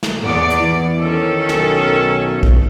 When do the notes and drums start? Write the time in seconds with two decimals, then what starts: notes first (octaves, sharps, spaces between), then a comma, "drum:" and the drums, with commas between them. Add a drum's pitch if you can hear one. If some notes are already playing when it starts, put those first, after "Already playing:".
0.03 drum: snare
0.21 E2 B3 D5
0.50 drum: hi-hat
0.60 E3
1.00 D#3 C#4 A4
1.49 B1, drum: snare
2.43 drum: kick B1